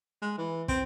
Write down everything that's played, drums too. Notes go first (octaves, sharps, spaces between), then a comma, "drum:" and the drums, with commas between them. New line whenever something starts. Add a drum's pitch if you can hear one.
G#3
E3
C4, drum: kick